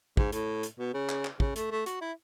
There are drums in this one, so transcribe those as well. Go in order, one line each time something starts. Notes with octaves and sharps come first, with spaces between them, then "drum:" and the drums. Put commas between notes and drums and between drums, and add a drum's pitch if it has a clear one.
G#2, drum: kick
A2, drum: hi-hat
drum: hi-hat
B2
C#3
drum: clap
drum: clap
C#3, drum: kick
A3, drum: hi-hat
A3
F#4, drum: hi-hat
E4